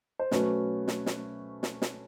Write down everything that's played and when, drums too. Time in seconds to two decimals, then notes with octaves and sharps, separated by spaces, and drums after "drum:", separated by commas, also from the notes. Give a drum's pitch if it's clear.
0.19 C5
0.31 B2 F#3 A3 C#4 B4, drum: snare
0.88 drum: snare
1.06 drum: snare
1.63 drum: snare
1.82 drum: snare